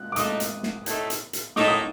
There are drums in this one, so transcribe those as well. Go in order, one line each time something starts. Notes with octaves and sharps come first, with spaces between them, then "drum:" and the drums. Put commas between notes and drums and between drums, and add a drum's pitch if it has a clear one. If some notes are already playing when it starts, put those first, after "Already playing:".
Already playing: F#6
D6
A2 A3 D#4 D#6, drum: hi-hat
drum: hi-hat
drum: snare
A2 A3 D#4, drum: hi-hat
drum: hi-hat
drum: hi-hat
A2 A3 D#4 D6, drum: snare
D#6